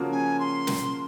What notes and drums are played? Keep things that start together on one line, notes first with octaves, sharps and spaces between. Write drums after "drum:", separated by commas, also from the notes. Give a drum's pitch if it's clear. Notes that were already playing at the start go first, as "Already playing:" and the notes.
Already playing: C#3 F3 A#3 C#4 F#4
G#5
C6
drum: snare